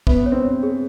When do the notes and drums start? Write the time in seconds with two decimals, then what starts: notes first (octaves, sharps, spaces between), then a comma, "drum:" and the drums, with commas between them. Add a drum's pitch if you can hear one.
0.07 B3 E5, drum: kick
0.26 C#5
0.32 C4
0.44 C#5
0.63 G#4